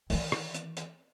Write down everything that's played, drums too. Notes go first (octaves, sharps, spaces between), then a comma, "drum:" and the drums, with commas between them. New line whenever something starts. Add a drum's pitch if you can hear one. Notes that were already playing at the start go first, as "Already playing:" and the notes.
D#3 E3, drum: open hi-hat
drum: rim click
drum: hi-hat
drum: hi-hat